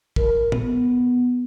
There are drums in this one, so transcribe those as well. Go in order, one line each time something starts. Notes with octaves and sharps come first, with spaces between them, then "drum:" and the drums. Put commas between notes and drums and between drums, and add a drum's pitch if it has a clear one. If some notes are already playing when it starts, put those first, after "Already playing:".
A#4, drum: kick
B3, drum: tom